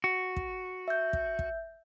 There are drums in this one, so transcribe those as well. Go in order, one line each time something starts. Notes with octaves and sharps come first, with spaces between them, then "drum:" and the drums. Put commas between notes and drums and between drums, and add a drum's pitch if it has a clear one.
F#4
drum: kick
E5 G6
drum: kick
drum: kick